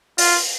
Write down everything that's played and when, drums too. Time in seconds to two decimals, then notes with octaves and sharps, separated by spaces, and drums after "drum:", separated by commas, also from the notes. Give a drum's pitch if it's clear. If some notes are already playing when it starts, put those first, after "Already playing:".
0.18 F4, drum: open hi-hat